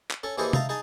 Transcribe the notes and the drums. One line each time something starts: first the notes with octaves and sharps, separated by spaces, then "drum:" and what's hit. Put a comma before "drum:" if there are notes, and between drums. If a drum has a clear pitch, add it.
drum: clap
C#4 A4
D#2 E3 G#4 A4 C5 D#5
D#4 E5 F5 A5 A#5, drum: tom C3
D#4 G#4 G#5 A5